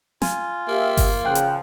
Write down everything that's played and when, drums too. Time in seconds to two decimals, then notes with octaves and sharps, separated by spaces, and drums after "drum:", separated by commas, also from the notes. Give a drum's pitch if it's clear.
0.22 F4 G#5, drum: snare
0.68 A#3 G4 E5
0.97 drum: kick G1, open hi-hat
1.25 C#3 F3 F5 G5 F#6
1.35 drum: hi-hat